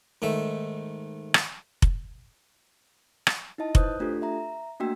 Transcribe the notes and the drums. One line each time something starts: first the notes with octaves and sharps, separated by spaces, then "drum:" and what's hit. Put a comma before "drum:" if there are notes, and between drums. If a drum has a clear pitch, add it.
G#2 D#3 A3 E5
drum: rim click
drum: kick F1
drum: rim click
D#4 E4 D#5 A5
B4 C5 D#6 F#6 G6, drum: kick F1
A3 D4 F4 G4 A4
E5 A#5
A3 A#3 D4 F#4 G5 E6